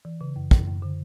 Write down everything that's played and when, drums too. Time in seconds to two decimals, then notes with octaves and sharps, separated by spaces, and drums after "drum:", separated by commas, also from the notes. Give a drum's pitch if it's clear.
0.05 E3
0.21 C#3
0.36 F#2
0.51 F#2, drum: kick
0.67 F#2
0.82 D3